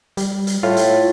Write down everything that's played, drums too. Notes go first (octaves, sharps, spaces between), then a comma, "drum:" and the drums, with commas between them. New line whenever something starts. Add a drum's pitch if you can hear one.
G3, drum: hi-hat
drum: hi-hat
A2 F4
drum: hi-hat